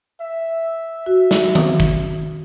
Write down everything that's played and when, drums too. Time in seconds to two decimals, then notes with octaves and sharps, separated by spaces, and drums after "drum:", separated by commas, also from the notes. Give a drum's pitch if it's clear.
0.21 E5
1.06 F#4
1.31 drum: snare
1.55 drum: tom D#3
1.80 drum: kick